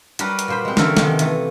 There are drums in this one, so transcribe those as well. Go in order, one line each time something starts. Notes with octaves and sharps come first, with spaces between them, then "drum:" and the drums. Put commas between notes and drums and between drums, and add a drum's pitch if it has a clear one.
F#3 G3 A#4 B4 B5, drum: hi-hat
drum: hi-hat
A#2 C5 B5
G#3 C4
D3 E3 F#3 C#4 A4 A#4, drum: snare
C3 D#3 F3, drum: snare
E3 A3, drum: hi-hat